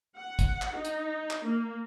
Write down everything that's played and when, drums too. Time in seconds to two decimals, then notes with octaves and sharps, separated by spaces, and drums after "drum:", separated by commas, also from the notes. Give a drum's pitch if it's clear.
0.16 F#5
0.39 drum: kick, hi-hat
0.62 drum: clap
0.73 D#4
0.85 drum: hi-hat
1.30 drum: clap
1.45 A#3